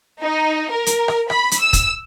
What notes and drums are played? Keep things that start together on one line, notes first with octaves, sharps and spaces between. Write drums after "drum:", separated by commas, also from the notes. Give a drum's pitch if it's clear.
D#4
A#4
drum: hi-hat
drum: rim click
B5, drum: rim click
drum: hi-hat
E6
drum: kick, hi-hat